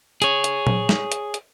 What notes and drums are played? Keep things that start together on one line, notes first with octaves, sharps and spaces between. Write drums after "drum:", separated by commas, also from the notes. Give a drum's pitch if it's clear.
G#4 C#5, drum: hi-hat
drum: hi-hat
drum: tom A#2
drum: snare
drum: hi-hat
drum: hi-hat